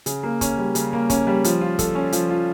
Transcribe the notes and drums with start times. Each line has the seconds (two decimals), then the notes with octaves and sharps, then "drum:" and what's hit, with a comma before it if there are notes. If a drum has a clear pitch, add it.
0.06 C#3, drum: hi-hat
0.23 A#3
0.41 C#4, drum: kick, hi-hat
0.58 G3
0.75 C#3, drum: hi-hat
0.93 A#3
1.10 C#4, drum: kick, hi-hat
1.27 G3
1.44 F3, drum: hi-hat
1.61 F4
1.79 A4, drum: kick, hi-hat
1.95 C#4
2.12 F3, drum: hi-hat
2.30 F4